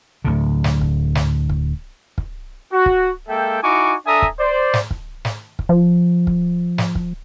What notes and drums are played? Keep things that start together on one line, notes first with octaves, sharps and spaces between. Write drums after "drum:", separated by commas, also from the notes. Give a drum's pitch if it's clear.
D2 A2 D3
drum: snare
drum: kick
drum: snare
drum: kick
drum: kick
F#4
drum: kick
G#3 A#3 A4 E5 G5
D#4 E4 F#4 G#5 C#6 D6
D4 A4 E5 G#5 A#5 D#6
drum: kick
C5 D5
drum: snare
drum: kick
drum: snare
drum: kick
F3
drum: kick
drum: snare
drum: kick